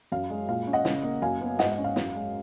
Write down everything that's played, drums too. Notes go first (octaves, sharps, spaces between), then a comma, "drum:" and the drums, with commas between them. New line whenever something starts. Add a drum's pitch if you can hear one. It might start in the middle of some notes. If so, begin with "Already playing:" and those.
F#2 F5
G#3
A#2 F5
C#4
D#5 F#5
C#3, drum: snare
A#3
F#2 F5 G#5
B3
G#2 D#5 F#5, drum: snare
D#5
C#4
F5
F#2, drum: snare
G#3